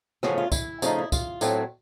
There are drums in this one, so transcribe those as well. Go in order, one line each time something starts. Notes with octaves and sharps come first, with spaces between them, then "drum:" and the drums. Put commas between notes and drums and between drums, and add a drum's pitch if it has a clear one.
C#3 F3 A3 C#4 F#4, drum: rim click
F4
E4, drum: kick, tambourine
C#3 F3 A3 C#4 D#4, drum: tambourine
E4
F4, drum: kick, tambourine
A2 F#3 A3 C4, drum: tambourine